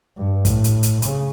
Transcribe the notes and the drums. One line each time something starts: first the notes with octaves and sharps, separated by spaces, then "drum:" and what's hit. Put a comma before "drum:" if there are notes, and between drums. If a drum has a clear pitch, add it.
G2
A2, drum: kick, hi-hat
drum: hi-hat
drum: hi-hat
C#3, drum: hi-hat